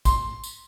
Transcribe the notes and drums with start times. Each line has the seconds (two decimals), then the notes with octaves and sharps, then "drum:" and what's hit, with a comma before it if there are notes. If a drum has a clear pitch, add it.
0.05 C6, drum: kick, tambourine
0.44 drum: tambourine